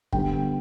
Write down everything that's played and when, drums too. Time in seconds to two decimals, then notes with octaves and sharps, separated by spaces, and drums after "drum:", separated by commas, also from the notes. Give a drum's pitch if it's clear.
0.13 D3 G3 B3 G5, drum: kick